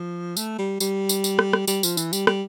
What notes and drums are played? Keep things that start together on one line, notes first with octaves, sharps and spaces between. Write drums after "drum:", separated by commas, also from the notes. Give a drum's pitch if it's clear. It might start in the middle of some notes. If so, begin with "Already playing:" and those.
Already playing: F3
A3, drum: tambourine
G3
G3, drum: tambourine
drum: tambourine
drum: tambourine
drum: rim click
drum: rim click
G3, drum: tambourine
F3, drum: tambourine
E3, drum: tambourine
G3, drum: tambourine
G3, drum: rim click